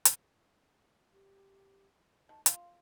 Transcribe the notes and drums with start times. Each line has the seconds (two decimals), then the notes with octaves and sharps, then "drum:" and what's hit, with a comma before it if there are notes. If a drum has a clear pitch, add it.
0.05 drum: hi-hat
1.13 G4
2.29 D#3 A5
2.46 F4 F5, drum: hi-hat